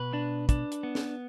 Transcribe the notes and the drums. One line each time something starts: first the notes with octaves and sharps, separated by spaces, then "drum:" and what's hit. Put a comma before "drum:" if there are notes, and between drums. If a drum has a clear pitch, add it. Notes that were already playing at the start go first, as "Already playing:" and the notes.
Already playing: B2 B4
D4
D4, drum: kick, hi-hat
drum: hi-hat
B3
drum: snare